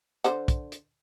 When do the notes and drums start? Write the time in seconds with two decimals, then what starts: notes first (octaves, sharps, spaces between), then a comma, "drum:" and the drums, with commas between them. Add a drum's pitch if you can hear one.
0.24 D3 C5 F#5, drum: hi-hat
0.48 drum: kick, hi-hat
0.72 drum: hi-hat